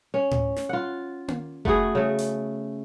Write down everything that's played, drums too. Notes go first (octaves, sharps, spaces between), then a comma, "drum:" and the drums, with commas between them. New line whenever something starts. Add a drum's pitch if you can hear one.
C#4
drum: tom A2
drum: snare
F4 F#5
drum: tom A#3
A3 B3 F#4 G#4, drum: kick F1
C#3 A3
drum: hi-hat